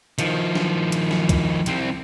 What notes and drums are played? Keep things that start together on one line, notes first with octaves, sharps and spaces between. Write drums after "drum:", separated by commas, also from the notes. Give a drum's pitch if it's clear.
D#3 F3, drum: hi-hat
drum: snare
drum: hi-hat
drum: snare
drum: kick C2, hi-hat
C2 C4, drum: hi-hat